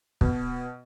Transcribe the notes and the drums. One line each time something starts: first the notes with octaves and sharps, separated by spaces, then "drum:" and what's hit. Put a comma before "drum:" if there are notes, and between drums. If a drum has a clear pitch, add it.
B2, drum: kick